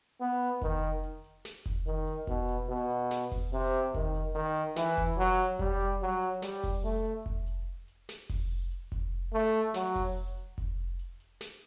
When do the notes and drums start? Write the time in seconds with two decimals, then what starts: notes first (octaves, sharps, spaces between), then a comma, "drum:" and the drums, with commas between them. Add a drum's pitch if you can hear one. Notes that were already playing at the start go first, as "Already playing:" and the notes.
0.21 B3
0.41 drum: hi-hat
0.62 D#3, drum: kick F1, hi-hat
0.83 drum: hi-hat
1.03 drum: hi-hat
1.24 drum: hi-hat
1.45 drum: snare
1.66 drum: kick F1
1.86 D#3, drum: hi-hat
2.07 drum: hi-hat
2.27 B2, drum: kick F1, hi-hat
2.49 drum: hi-hat
2.69 B2
2.90 drum: hi-hat
3.11 drum: snare
3.32 drum: kick F1, open hi-hat
3.52 C3, drum: hi-hat
3.73 drum: hi-hat
3.94 D#3, drum: kick F1, hi-hat
4.15 drum: hi-hat
4.35 D#3, drum: hi-hat
4.56 drum: hi-hat
4.76 E3, drum: snare
4.98 drum: kick F1
5.18 F#3, drum: hi-hat
5.39 drum: hi-hat
5.59 G3, drum: kick F1, hi-hat
5.81 drum: hi-hat
6.01 F#3
6.22 drum: hi-hat
6.42 G3, drum: snare
6.64 drum: kick F1, open hi-hat
6.84 A3, drum: hi-hat
7.05 drum: hi-hat
7.26 drum: kick F1
7.47 drum: hi-hat
7.88 drum: hi-hat
8.09 drum: snare
8.30 drum: kick F1, open hi-hat
8.50 drum: hi-hat
8.71 drum: hi-hat
8.92 drum: kick F1, hi-hat
9.33 A3
9.54 drum: hi-hat
9.74 F#3, drum: snare
9.95 drum: kick F1, open hi-hat
10.16 drum: hi-hat
10.37 drum: hi-hat
10.58 drum: kick F1, hi-hat
10.99 drum: hi-hat
11.20 drum: hi-hat
11.41 drum: snare